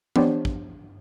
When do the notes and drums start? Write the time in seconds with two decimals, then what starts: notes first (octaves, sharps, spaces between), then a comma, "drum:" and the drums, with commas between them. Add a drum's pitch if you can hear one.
0.16 B3 D4 G4 C5 C#5, drum: tom E3
0.45 drum: kick